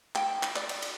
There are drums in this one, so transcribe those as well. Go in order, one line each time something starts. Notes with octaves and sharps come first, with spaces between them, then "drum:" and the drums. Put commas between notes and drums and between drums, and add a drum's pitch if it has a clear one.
G5, drum: clap
drum: clap
D5, drum: clap
drum: cymbal
drum: cymbal